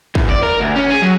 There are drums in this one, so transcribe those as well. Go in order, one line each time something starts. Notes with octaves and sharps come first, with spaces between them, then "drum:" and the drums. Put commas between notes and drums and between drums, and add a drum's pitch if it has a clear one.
E2, drum: kick
D5
A#4
D2
C#4
G#4
F#3